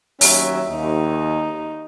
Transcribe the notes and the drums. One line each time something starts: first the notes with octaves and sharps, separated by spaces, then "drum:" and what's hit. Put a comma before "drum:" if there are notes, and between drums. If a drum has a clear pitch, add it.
D#2 F#3 C#4 E5, drum: open hi-hat
D#2 D#4